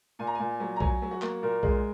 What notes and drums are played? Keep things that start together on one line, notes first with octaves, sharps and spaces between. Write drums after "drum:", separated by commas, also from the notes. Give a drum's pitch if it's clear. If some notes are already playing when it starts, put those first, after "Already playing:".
A#2 G#5
A#5
A#2 G#5
F#3
A#5
F#3 G#5, drum: kick B1
F#3
F#4
A#3, drum: clap
A#2 A#4
G#3, drum: kick B1